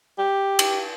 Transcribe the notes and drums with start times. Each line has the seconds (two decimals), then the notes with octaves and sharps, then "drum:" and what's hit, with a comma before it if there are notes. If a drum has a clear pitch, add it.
0.19 G4
0.59 drum: cymbal